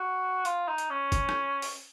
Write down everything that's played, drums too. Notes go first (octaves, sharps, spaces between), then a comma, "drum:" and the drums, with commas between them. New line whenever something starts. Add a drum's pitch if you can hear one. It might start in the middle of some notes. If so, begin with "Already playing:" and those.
Already playing: F#4
F4, drum: hi-hat
D#4
drum: hi-hat
C#4
drum: kick F#1, hi-hat
drum: rim click
drum: open hi-hat